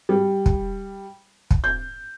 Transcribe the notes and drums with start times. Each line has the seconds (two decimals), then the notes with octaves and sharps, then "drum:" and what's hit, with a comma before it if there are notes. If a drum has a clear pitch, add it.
0.09 G3
0.46 drum: kick
1.51 drum: kick
1.64 G6